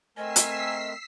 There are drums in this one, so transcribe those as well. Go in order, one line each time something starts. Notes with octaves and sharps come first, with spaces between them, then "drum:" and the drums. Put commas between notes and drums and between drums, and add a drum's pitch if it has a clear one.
A3 C4 A#4 D#5 G#5 E6 B6 C7
drum: hi-hat